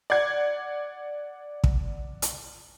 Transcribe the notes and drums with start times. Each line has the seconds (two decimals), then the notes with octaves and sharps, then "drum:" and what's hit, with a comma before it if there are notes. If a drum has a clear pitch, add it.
0.10 D5 F#5 G#6
1.64 drum: kick
2.22 drum: hi-hat